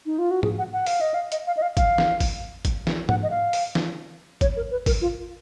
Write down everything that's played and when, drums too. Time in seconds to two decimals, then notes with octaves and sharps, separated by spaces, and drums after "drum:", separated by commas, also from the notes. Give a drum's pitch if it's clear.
0.06 D#4
0.19 F4
0.31 F#4
0.43 G#4, drum: tom G#2
0.58 F#5
0.73 F#5
0.86 F5, drum: open hi-hat
1.01 D#5
1.14 F5
1.32 D#5, drum: hi-hat
1.47 F5
1.57 D#5
1.62 F5
1.77 F5, drum: kick, hi-hat
1.98 drum: snare
2.20 drum: kick, open hi-hat
2.65 drum: kick, hi-hat
2.87 drum: snare
3.09 F#5, drum: tom G#2
3.23 D#5
3.30 F5
3.53 drum: open hi-hat
3.75 drum: snare
4.41 C#5, drum: kick, hi-hat
4.57 A#4
4.71 B4
4.86 A#4, drum: kick, open hi-hat
5.01 F4